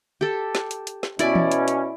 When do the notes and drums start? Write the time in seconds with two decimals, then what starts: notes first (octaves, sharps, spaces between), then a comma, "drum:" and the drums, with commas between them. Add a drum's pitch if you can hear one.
0.21 G4 A4
0.55 drum: snare
0.71 drum: hi-hat
0.87 drum: hi-hat
1.03 drum: snare
1.19 B2 C#4 E4 D5, drum: hi-hat
1.35 drum: tom E3
1.52 drum: hi-hat
1.68 drum: hi-hat